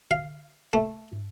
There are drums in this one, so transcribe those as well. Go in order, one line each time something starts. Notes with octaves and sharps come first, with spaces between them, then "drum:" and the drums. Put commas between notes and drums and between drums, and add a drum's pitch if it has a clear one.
F5, drum: tom D3
A3
drum: tom